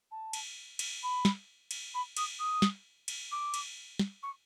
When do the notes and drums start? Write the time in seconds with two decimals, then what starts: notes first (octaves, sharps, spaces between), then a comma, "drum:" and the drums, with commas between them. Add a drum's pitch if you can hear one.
0.11 A5
0.33 drum: cymbal
0.79 drum: cymbal
1.02 B5
1.25 drum: snare
1.71 drum: cymbal
1.94 B5
2.17 D#6, drum: cymbal
2.39 D#6
2.62 drum: snare
3.08 drum: cymbal
3.31 D6
3.54 drum: cymbal
3.99 drum: snare
4.22 C#6